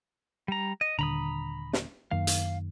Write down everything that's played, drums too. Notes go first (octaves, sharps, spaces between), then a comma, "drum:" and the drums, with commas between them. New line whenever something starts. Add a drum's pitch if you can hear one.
G3 A#5
D#5
D#1 D3 A#5 B5 D#6
drum: snare
F#2 D#3 A#3 F5
drum: hi-hat